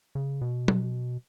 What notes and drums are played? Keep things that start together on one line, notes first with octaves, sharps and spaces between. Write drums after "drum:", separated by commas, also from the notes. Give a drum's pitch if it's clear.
C#3
B2
drum: tom